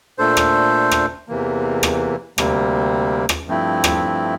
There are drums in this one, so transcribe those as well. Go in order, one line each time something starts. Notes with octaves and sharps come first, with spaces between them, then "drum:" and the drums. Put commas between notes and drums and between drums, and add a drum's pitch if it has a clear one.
A#2 A3 D4 A4 C5
drum: rim click
drum: rim click
E2 C3 E3 A#3
drum: rim click
D2 C3 G3 A#3, drum: rim click
drum: rim click
G2 F3 A3 C4 E4
drum: rim click